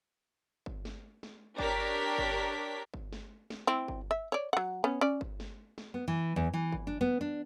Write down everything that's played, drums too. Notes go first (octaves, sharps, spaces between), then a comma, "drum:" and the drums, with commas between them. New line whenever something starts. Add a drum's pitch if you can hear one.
drum: kick G1
drum: snare
drum: snare
D4 G4 A#4 C#5 B6, drum: kick G1
drum: kick G1
drum: kick G1
drum: snare
drum: snare
C4 E4
drum: kick G1
E5
C#5 D5
F#3 F#5
B3 C#4
C#4 D5
drum: kick G1
drum: snare
drum: snare
B3
E3
E2
E3
drum: kick G1
D4
B3
D4